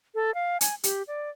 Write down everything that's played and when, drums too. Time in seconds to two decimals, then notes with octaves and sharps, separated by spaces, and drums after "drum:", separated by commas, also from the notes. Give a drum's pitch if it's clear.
0.15 A4
0.34 F5
0.61 G#5, drum: hi-hat
0.84 G4, drum: hi-hat
1.08 D5